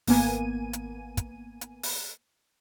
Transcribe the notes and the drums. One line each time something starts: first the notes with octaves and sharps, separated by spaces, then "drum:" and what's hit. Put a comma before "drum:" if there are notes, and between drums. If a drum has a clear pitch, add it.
G#1 A#3 B3 G#5 D#7, drum: open hi-hat
drum: hi-hat
drum: kick, hi-hat
drum: hi-hat
drum: open hi-hat